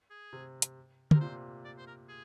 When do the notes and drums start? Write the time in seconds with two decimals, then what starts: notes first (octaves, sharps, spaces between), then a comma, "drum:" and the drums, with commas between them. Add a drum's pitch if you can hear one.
0.11 G#4
0.33 C3
0.62 drum: hi-hat
1.11 C3 A#4, drum: tom
1.21 A#2 C5
1.65 D5
1.78 C5
1.87 A#4
2.09 G#4